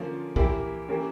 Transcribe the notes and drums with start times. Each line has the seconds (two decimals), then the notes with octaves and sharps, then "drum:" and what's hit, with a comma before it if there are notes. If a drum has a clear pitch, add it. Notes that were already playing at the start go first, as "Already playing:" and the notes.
Already playing: D3 F3 A#3 C#4 F4
0.36 E3 A#3 E4 G4, drum: kick B1
0.88 E3 A#3 C#4 G4